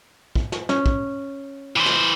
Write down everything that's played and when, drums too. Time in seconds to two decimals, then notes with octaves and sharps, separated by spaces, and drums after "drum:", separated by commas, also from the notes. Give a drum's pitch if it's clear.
0.36 drum: kick
0.52 drum: snare
0.69 C#4, drum: snare
0.86 drum: kick
1.76 E3 C5
1.86 drum: snare